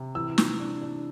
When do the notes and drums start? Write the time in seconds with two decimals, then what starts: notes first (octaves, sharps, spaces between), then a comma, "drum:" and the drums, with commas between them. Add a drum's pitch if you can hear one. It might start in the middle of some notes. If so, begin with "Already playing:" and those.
Already playing: C3
0.15 E3 E6
0.38 E3, drum: snare
0.60 D4
0.82 D4